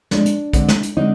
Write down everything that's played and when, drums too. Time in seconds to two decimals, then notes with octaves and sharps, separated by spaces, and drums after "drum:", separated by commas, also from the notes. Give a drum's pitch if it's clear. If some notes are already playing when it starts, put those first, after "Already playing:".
0.11 A#2 F3 G#3 C4 D4, drum: snare
0.25 drum: hi-hat
0.53 D3 G#3 C4, drum: kick, hi-hat
0.68 drum: snare
0.83 drum: hi-hat
0.97 D3 G#3 C4 D#4